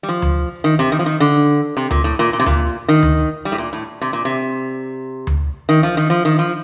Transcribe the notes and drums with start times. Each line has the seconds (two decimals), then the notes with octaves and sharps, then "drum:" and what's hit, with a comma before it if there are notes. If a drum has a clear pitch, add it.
0.03 G3
0.09 F3
0.22 drum: tom D2
0.64 D#3
0.79 C3
0.92 D#3
0.99 F3
1.06 D#3
1.20 D3
1.77 C3
1.91 A#2, drum: tom D2
2.04 A2
2.19 A#2
2.33 A#2
2.40 C3
2.46 A#2, drum: tom D2
2.88 D#3
3.03 drum: tom D2
3.45 G3
3.52 A2
3.58 A#2
3.73 A2
4.01 C3
4.13 A#2
4.25 C3
5.27 drum: tom D2
5.69 D#3
5.83 F3
5.97 D#3
6.10 F3
6.25 D#3
6.39 F3